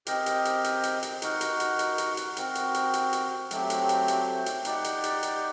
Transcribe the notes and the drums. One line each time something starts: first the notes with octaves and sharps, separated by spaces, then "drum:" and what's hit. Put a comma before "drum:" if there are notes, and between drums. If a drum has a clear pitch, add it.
C4 G4 A#4 D#5, drum: hi-hat
drum: hi-hat
drum: hi-hat
drum: hi-hat
drum: hi-hat
drum: hi-hat
D#4 F#4 A#4 F#5, drum: hi-hat
drum: hi-hat
drum: hi-hat
drum: hi-hat
drum: hi-hat
drum: hi-hat
C4 F#4 A#4, drum: hi-hat
drum: hi-hat
drum: hi-hat
drum: hi-hat
drum: hi-hat
F#3 A3 C4 G4, drum: hi-hat
drum: hi-hat
drum: hi-hat
drum: hi-hat
drum: hi-hat
D#4 G4 D5 F#5, drum: hi-hat
drum: hi-hat
drum: hi-hat
drum: hi-hat